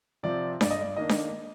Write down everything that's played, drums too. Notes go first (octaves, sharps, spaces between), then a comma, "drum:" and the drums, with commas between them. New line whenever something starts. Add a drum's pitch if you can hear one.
C3 F3 C4 D5
G2 D5, drum: snare D4
D#5
D5
D#3 A#3 D4 D#5
drum: snare D4